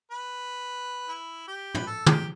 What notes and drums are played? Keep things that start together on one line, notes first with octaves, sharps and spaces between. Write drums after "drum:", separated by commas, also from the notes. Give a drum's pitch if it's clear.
B4
E4
G4
B4, drum: tom
A4
G4, drum: tom